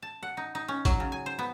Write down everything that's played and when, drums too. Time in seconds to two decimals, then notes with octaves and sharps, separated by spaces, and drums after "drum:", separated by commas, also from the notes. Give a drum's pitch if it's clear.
0.02 A5
0.23 F#5
0.37 D#4
0.55 D#4
0.68 C#4
0.85 F#3, drum: kick A1, hi-hat
1.00 C#3
1.12 G#5
1.26 C5
1.39 B3